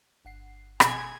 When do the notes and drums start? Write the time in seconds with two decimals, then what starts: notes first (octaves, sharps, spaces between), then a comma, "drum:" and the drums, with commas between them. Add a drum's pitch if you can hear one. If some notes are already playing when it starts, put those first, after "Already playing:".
0.25 G1 F#5 C7
0.80 B2 G#4 G#5 G#6, drum: rim click